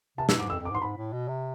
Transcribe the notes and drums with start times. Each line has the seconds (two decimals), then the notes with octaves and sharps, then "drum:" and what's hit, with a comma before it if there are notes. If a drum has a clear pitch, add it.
0.18 C3 A5
0.29 B2 E6, drum: snare
0.39 G#2 D6
0.50 F2 E6
0.60 F2
0.65 D6
0.71 G#2
0.75 C6
0.81 G#2 B5
0.97 A2
1.13 B2
1.28 C3